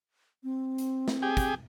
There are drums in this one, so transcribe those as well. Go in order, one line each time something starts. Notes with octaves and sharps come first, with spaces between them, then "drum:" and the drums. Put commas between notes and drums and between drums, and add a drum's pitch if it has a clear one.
C4
drum: hi-hat
drum: snare
G4 G#4
drum: kick, hi-hat